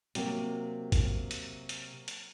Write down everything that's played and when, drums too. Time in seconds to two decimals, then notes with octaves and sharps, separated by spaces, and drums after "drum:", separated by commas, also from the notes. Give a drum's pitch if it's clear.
0.15 C3 F#3 A#3, drum: hi-hat
0.92 drum: kick, hi-hat
1.31 drum: hi-hat
1.69 drum: hi-hat
2.08 drum: hi-hat